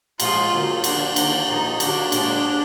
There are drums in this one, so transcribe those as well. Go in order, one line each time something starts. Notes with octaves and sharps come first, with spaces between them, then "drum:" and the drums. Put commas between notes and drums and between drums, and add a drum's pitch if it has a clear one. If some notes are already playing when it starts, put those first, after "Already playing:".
A#2 F3 G#3 F4, drum: cymbal
D3 F#3 A#3
D3 F3 A#3 D4, drum: cymbal
D#3 A#3 D4, drum: cymbal
A#2 F3 A#3 D#4
D3 F#3 A#3 D4, drum: cymbal
A#2 G#3 D4, drum: cymbal